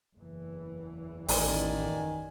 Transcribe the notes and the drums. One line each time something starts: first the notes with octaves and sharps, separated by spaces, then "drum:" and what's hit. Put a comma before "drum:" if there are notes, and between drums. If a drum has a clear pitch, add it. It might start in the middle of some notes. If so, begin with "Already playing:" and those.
F#1 E2 E3
A1 D#3 D5 G#5, drum: open hi-hat